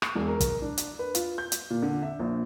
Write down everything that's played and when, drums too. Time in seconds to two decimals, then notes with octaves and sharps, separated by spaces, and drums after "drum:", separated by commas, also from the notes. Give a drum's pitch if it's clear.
0.02 C#6, drum: rim click
0.15 E1
0.28 A#4
0.40 drum: kick, hi-hat
0.62 D4
0.78 drum: hi-hat
0.99 B4
1.15 F4, drum: hi-hat
1.38 G6
1.52 drum: hi-hat
1.70 A#2
1.82 D3
2.02 E5
2.20 A#1